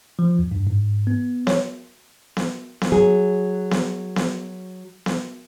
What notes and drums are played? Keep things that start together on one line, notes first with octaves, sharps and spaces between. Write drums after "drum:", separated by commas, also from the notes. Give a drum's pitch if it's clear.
F3
E2
G2
G#2
B3
C#5, drum: snare B3
drum: snare B3
drum: snare B3
F#3 G#4
drum: snare B3
drum: snare B3
drum: snare B3